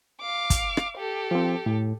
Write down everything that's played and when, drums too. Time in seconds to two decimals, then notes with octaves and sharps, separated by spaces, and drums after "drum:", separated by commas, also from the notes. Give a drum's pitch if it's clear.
0.21 F5 D6
0.50 drum: kick, hi-hat
0.77 drum: rim click
0.98 G4 A4
1.31 F3 C4
1.66 A2